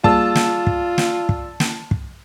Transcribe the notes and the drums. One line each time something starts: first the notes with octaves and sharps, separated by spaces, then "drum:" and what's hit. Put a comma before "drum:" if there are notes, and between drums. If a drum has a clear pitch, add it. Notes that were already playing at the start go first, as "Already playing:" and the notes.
G3 A#3 F4 G#4 D5 A5 E6, drum: kick
drum: snare
drum: kick
drum: snare
drum: kick
drum: snare
drum: kick